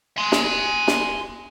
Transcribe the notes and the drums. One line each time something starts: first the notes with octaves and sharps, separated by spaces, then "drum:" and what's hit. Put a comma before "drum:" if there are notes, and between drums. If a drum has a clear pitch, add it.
G#5 C6
drum: snare
drum: snare